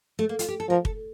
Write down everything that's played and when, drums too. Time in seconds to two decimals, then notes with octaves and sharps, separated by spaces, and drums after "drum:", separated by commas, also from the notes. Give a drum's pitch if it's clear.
0.19 A3
0.29 A#3
0.39 F4, drum: hi-hat
0.48 G4
0.60 A4
0.69 F3 A#4
0.85 A4, drum: kick